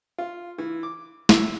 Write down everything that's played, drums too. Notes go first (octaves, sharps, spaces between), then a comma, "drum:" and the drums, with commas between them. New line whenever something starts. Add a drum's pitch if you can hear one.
F4
E3
D6
E4, drum: snare